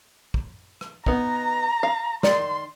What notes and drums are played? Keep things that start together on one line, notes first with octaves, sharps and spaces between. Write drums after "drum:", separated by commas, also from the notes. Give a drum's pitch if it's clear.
drum: kick
drum: rim click
B3 D#4 A#5, drum: kick
F5
D#3 D5 C6, drum: snare